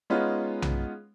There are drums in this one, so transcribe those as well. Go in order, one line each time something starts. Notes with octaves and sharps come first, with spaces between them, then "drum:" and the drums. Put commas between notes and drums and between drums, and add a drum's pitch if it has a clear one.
G#3 B3 C#4 D#4 F4
drum: tom B1